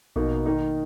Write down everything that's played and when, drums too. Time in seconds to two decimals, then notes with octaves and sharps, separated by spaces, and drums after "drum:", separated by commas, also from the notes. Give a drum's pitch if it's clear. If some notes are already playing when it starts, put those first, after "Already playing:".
0.16 B2 A#3 D#4, drum: kick A#1
0.46 D#3 A#3 D#4